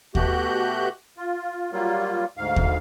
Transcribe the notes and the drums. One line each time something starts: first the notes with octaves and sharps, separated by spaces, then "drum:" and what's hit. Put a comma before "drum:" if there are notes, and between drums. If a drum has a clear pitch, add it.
B2 A3 F#4 G4 F#6 G6, drum: kick D#2
F4
F#3 G3 A#3 F4
D2 G#2 F5
drum: kick D#2